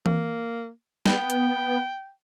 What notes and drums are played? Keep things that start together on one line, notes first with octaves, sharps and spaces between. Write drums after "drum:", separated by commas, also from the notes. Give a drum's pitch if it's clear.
A#3, drum: tom E3
B3 G5, drum: snare
drum: hi-hat